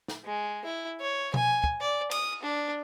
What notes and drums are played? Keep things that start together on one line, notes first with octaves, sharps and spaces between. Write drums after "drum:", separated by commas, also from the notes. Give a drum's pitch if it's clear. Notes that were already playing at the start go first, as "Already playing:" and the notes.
drum: snare
G#3
E4
C#5
G#5, drum: tom B2
drum: kick
D5
D#6, drum: cymbal
D4